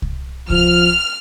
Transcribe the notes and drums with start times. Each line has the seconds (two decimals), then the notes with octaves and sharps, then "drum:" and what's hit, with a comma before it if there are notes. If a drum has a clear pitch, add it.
0.02 drum: kick C2
0.50 F3 F6, drum: kick C2